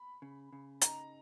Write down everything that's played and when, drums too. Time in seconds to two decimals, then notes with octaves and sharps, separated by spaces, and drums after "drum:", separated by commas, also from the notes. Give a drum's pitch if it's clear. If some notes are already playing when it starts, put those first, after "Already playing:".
Already playing: B5
0.22 C#3
0.53 C#3
0.81 D#4 A#5, drum: hi-hat